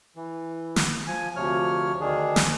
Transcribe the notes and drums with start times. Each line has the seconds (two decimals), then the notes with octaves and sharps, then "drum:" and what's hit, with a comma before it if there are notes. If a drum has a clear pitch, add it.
0.16 E3
0.76 drum: snare
1.07 F3 G#5
1.36 D2 C3 F3 C#5 F6
2.00 D2 D#3 D4 G#4
2.36 drum: snare